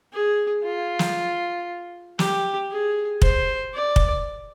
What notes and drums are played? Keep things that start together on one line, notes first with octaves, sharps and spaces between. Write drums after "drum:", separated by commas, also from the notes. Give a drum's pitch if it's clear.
G#4
F4
drum: snare
G4, drum: snare
G#4
C5, drum: kick
D5
drum: kick